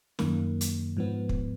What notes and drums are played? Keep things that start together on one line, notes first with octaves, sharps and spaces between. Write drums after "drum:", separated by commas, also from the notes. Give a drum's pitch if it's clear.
F#2 D#3 A#3, drum: snare
drum: hi-hat
G#2 F3 B3
drum: kick